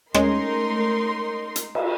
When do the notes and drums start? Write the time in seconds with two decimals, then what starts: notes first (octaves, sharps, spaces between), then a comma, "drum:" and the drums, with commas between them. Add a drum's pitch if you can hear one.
0.14 G#3 A3 C#4 D#4 A#4 C6, drum: rim click
1.56 drum: hi-hat
1.75 drum: cymbal